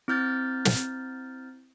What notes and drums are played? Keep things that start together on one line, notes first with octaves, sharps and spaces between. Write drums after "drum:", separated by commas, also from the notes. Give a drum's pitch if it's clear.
C4 E4 F6 G6 A6
drum: snare